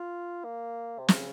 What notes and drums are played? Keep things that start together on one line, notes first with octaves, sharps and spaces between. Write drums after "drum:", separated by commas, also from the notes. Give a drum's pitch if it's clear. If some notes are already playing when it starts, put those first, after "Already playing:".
Already playing: F4
A#3
C3
C#3, drum: snare